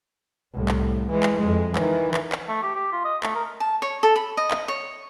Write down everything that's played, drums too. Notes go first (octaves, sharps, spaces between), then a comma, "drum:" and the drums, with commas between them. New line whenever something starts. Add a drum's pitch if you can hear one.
C2 A2
drum: clap
E3 G#3
drum: clap
F2 G#3
D#3 E3, drum: clap
drum: clap
drum: clap
A3
G4
G4
F4
D#5
A3, drum: clap
A#4
A5
C#5
A4
B5
D#5
drum: clap
C#5